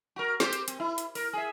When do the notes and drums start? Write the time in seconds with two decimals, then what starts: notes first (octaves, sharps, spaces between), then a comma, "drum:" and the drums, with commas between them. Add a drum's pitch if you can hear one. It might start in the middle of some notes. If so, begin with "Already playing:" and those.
0.16 F#4 A#4
0.40 C4 G4 C5, drum: snare
0.53 drum: hi-hat
0.68 C4, drum: hi-hat
0.80 E4
0.98 drum: hi-hat
1.15 A#4, drum: open hi-hat
1.33 G#4 E5